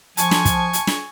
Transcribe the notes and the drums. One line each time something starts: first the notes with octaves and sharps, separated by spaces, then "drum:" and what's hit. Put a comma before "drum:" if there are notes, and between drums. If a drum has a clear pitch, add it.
F3 G#5 A5 C#6, drum: hi-hat
drum: snare
drum: kick, hi-hat
drum: hi-hat
drum: snare